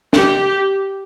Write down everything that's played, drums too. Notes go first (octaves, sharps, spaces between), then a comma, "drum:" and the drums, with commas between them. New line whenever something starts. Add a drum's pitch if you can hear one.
G4, drum: snare